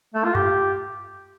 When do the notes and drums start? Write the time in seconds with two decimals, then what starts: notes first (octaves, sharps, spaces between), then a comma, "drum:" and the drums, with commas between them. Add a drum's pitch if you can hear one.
0.14 A3
0.25 F4
0.35 G4, drum: tom F#2